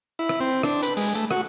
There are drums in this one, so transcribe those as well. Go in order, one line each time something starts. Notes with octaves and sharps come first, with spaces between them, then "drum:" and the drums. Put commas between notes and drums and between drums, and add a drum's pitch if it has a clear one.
E4
drum: rim click
C4
D4, drum: rim click
B4, drum: hi-hat
G#3, drum: open hi-hat
A3, drum: hi-hat
F#4, drum: rim click